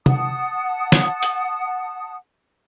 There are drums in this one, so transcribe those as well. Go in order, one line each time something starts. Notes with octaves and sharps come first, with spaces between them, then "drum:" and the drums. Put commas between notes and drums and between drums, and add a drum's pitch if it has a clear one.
F#5 A5 D#6, drum: tom
drum: snare
drum: hi-hat